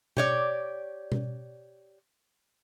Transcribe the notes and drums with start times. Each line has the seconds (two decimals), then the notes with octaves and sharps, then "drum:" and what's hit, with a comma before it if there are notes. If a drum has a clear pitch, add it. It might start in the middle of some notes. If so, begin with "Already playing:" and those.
0.17 G4 C#5 D5, drum: tom B2
1.12 drum: tom B2